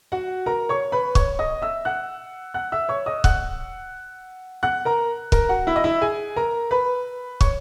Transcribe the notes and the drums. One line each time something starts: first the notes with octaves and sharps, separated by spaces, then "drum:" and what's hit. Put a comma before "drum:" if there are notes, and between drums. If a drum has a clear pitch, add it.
F#4 F#5
A#4 A#5
C#5 C#6
B4 B5
C#5 C#6, drum: kick
D#5 D#6
E5 E6
F#5 F#6
F#5 F#6
E5 E6
C#5 C#6
D#5 D#6
F#5 F#6, drum: kick
F#5 F#6
A#4 A#5
A#4 A#5, drum: kick
F#4 F#5
E4 E5
D#5
E4 E5
G#4 G#5
A#4 A#5
B4 B5
C#5 C#6, drum: kick